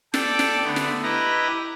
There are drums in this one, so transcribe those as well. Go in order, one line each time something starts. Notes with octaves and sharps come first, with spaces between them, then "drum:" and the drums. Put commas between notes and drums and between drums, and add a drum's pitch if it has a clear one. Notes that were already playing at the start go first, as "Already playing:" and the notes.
A4 D5 G5 D6, drum: snare
drum: snare
D3 A3 B3
drum: snare
E4 G4 B4 D#5 A#5